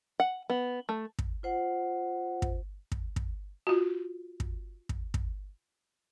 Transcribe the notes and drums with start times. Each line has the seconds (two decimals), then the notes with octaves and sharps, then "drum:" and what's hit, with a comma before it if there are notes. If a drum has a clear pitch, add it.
0.20 F#5
0.50 B3
0.89 A3
1.19 drum: kick
1.43 F4 C5 F#5
2.42 drum: kick
2.92 drum: kick
3.16 drum: kick
3.67 F4 F#4
4.40 drum: kick
4.89 drum: kick
5.14 drum: kick